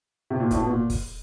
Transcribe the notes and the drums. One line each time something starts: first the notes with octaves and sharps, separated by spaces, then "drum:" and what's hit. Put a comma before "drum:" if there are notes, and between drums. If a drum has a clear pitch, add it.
C3
A#2
A2, drum: kick, hi-hat
B2
A#2
drum: kick, open hi-hat